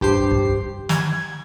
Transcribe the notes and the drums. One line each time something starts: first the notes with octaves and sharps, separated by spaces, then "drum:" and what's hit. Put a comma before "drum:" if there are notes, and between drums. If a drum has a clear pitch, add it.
G2 G4 C5 C7, drum: kick
drum: kick
G#6, drum: snare